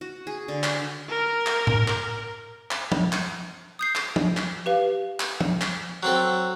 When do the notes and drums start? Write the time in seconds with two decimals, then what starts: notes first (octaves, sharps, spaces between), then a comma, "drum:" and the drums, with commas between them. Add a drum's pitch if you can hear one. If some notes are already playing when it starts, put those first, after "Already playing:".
0.01 F#4
0.27 G#4
0.48 D3
0.63 drum: clap
1.09 A#4
1.46 drum: clap
1.67 drum: tom A2
1.88 drum: clap
2.71 drum: clap
2.92 drum: tom
3.12 drum: clap
3.79 D#6 G6 C7
3.95 drum: clap
4.16 drum: tom
4.37 drum: clap
4.66 G4 B4 F5
5.20 drum: clap
5.41 drum: tom
5.61 drum: clap
6.03 F#3 C4 A4